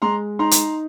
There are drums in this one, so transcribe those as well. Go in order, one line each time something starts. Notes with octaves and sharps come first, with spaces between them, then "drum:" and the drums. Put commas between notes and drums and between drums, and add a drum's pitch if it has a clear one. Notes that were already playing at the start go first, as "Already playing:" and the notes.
G#3 A#5 C6
D#4 A#5 C6
drum: hi-hat